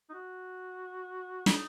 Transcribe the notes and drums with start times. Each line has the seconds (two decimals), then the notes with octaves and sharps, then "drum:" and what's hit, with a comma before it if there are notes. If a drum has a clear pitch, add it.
0.09 D#4
0.14 F#4
1.46 D#4, drum: snare